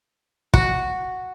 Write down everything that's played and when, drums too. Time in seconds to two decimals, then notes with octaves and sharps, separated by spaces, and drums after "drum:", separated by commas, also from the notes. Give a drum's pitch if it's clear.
0.54 F#4, drum: kick